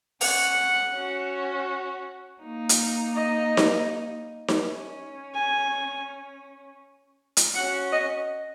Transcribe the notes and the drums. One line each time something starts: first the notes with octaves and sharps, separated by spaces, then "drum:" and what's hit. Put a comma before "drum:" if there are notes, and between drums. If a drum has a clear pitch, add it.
C#4 F#5, drum: open hi-hat
C#4 F#4
A#3 D#4
drum: hi-hat
D#5
drum: snare D#4
drum: snare D#4
C#4
G#5
drum: hi-hat
C#4 F#4 F#5
D#5